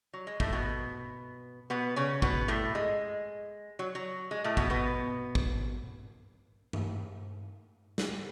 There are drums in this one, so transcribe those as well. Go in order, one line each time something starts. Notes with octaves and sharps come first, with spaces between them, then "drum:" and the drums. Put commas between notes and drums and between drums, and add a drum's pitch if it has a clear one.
F#3
G#3
A2 A3, drum: kick
B2 B3
B2 B3
C#3 C#4
B2 B3, drum: kick
A2 A3
G#3
F#3
F#3
G#3
A2 A3
B2 B3, drum: kick
B2 B3
drum: kick
drum: tom G2
drum: snare